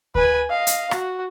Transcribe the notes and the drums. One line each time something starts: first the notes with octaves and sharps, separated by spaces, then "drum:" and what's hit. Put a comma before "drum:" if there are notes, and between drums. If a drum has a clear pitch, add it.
B4 G#5, drum: kick D2
D#5 F5
drum: hi-hat
F#4, drum: rim click